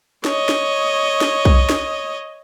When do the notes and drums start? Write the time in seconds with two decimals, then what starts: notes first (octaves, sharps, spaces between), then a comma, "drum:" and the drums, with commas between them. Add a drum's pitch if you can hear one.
0.25 C#5 D#5, drum: snare
0.49 drum: snare
1.21 drum: snare
1.45 drum: kick B1
1.69 drum: snare